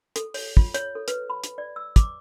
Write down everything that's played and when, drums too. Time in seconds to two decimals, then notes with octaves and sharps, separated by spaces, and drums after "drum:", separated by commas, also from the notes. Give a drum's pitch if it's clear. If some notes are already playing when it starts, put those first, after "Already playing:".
0.16 A4, drum: hi-hat
0.34 C#5, drum: open hi-hat
0.57 F4, drum: kick
0.74 C#5, drum: hi-hat
0.95 A4
1.08 B4, drum: hi-hat
1.30 B5
1.44 drum: hi-hat
1.58 D5
1.76 E6
1.96 D6, drum: kick, hi-hat